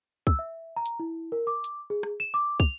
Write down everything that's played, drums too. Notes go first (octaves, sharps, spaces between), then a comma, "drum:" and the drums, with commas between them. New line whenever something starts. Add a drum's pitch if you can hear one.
E6, drum: kick
E5
A#5
drum: hi-hat
E4
A#4
D6
drum: hi-hat
G#4
drum: rim click
E7
D6
F7, drum: kick